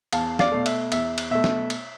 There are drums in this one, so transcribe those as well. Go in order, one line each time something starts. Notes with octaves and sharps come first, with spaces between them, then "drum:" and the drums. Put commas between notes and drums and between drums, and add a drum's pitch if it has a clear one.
E2 F5 A5, drum: cymbal
D5 F5, drum: snare
B2 A3
E5, drum: cymbal
E2 E5, drum: cymbal
drum: cymbal
B2 A3 E5
drum: snare
drum: cymbal